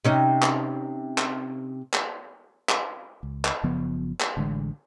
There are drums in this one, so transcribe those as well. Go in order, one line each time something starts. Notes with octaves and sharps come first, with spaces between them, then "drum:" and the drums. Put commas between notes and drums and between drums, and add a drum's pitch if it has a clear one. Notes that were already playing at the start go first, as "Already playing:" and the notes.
C3 C#4 D#4
drum: clap
drum: clap
drum: clap
drum: clap
C#2
drum: clap
F#1 C#3 F3 B3
drum: clap
A1 D3 G#3